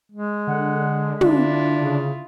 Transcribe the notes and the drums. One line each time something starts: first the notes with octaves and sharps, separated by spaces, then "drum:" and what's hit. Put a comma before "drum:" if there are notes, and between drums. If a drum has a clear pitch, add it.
G#3
D3 F#5
D3 D4 E4 F4, drum: tom
C#3